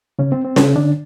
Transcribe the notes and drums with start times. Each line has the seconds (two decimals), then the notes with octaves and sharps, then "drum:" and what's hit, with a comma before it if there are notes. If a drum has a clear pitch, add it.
0.19 C#3 C#4
0.32 C4
0.44 C4
0.56 C#3 C#4, drum: snare C#4
0.75 D3 D4